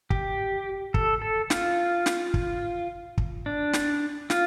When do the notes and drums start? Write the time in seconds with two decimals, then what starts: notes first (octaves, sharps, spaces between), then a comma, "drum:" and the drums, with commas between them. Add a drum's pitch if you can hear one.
0.10 G4, drum: kick
0.94 A4, drum: kick
1.22 A4
1.50 F4, drum: snare
2.06 drum: snare
2.34 drum: kick
3.18 drum: kick
3.46 D4
3.73 drum: snare
4.30 F4, drum: snare